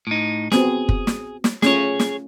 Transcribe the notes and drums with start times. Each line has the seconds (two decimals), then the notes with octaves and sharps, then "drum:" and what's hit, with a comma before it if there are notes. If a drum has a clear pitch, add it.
0.07 A2 D#4
0.52 B3 C4 F#4 G#4, drum: snare
0.89 drum: kick
1.07 drum: snare
1.44 drum: snare
1.62 A3 C#4 F4 G#4 C#5, drum: snare
1.99 drum: snare